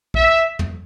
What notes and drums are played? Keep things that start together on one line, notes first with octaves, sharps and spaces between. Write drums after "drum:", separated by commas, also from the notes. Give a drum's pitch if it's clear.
E5, drum: kick
drum: tom